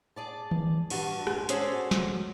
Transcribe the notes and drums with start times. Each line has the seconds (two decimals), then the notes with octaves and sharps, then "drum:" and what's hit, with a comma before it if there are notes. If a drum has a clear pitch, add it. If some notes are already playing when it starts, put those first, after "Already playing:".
0.16 G#4 D5 A5
0.51 drum: tom D#3
0.90 G2 F#4 A5, drum: cymbal
1.27 G#3, drum: rim click
1.49 C#4 F#4 G#4 A4 C5 D5, drum: hi-hat
1.91 drum: snare